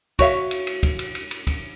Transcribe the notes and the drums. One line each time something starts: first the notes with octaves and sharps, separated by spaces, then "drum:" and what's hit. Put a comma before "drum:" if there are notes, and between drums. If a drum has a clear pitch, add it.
F#4 C#5 E5 F5, drum: kick, cymbal
drum: cymbal
drum: cymbal
drum: kick, cymbal
drum: cymbal
drum: cymbal
drum: cymbal
drum: kick, cymbal